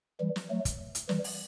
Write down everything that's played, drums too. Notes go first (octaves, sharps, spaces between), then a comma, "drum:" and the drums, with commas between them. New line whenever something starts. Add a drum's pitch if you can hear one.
E3 G3
drum: snare
F#3 A3
drum: kick, hi-hat
drum: hi-hat
E3 G3, drum: snare
drum: open hi-hat